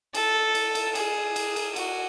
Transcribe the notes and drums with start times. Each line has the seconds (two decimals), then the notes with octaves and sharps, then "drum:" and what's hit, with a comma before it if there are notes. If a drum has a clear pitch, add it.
0.15 A4, drum: cymbal
0.55 drum: cymbal
0.75 drum: cymbal
0.95 G#4, drum: cymbal
1.36 drum: cymbal
1.56 drum: cymbal
1.76 F#4, drum: cymbal